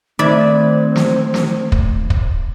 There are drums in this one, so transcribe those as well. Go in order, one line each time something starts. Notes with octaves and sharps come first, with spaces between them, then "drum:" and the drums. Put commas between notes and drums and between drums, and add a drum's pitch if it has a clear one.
D#3 A3 C4 C5 D5 E5 B5 G#6
drum: snare
drum: snare
drum: kick
drum: kick